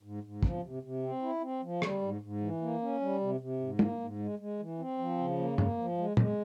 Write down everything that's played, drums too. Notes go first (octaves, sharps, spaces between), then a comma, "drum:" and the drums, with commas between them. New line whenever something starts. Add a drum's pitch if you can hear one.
G#2
G#2
F3, drum: kick
C3
C3
C4
E4
C4
F3
G3, drum: rim click
G#2
G#2
E3
A#3
C#4
G3
C3
C3
G#2
A#3, drum: tom
G#2
G#3
G#3
E3
C4
F3
C#3
A#3
A#3, drum: tom G2
F3
G#3
G#3, drum: tom